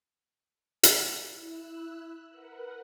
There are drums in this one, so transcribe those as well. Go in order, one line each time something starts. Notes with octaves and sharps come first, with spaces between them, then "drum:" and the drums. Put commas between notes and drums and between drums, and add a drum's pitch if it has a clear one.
drum: hi-hat
E4 E6 F#6
A#4 B4 F#5